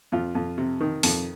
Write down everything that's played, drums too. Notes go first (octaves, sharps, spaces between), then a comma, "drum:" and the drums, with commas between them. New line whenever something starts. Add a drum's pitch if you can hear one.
F2 F4
F2
C3
D#3
F2, drum: open hi-hat